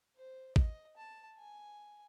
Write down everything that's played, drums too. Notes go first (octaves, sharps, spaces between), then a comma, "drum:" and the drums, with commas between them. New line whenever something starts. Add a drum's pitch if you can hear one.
C5
D#5, drum: kick
A5
G#5